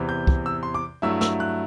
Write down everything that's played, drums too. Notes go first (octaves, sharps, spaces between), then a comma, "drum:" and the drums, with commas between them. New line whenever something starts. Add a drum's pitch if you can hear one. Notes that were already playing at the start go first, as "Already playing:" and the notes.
Already playing: E2 C3 E3
G6
drum: kick C2
E6
C6
D6
G2 F#3 A3 E4 E6
E6, drum: snare
F#6